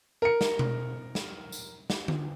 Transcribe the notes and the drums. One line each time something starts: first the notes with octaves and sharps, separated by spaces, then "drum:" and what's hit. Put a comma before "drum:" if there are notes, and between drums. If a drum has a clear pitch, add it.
A#4 C#7
drum: snare
drum: tom B2
drum: snare
drum: tambourine
drum: snare
drum: tom D3